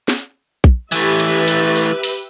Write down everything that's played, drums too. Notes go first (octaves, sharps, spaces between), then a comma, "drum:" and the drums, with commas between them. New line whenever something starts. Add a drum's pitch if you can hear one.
drum: snare
drum: kick A#1
E3 A3 G4 B4 E5, drum: hi-hat
drum: hi-hat
drum: open hi-hat
drum: open hi-hat
drum: open hi-hat